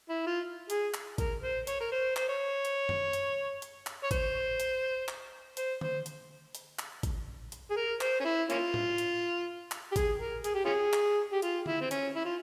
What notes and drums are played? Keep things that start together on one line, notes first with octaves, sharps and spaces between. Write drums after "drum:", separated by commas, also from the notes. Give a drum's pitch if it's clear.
E4
F4
G#4, drum: hi-hat
drum: clap
A#4, drum: kick, hi-hat
C5
C#5, drum: hi-hat
A#4
C5
C5, drum: clap
C#5
drum: hi-hat
drum: tom F#2
drum: hi-hat
drum: hi-hat
drum: clap
C#5
C5, drum: kick, hi-hat
drum: hi-hat
drum: clap
C5, drum: hi-hat
C5, drum: tom D3
drum: hi-hat
drum: hi-hat
drum: clap
drum: kick, hi-hat
drum: hi-hat
G#4
A#4
C5, drum: clap
C#4
E4
A#3 C#4 F4, drum: hi-hat
drum: tom A2
drum: hi-hat
drum: clap
G4
G#4, drum: kick, hi-hat
A#4
G#4, drum: hi-hat
G4
C#4 F4 G#4
drum: clap
G4
F4, drum: hi-hat
E4, drum: tom D3
C4
C#4, drum: hi-hat
E4
F4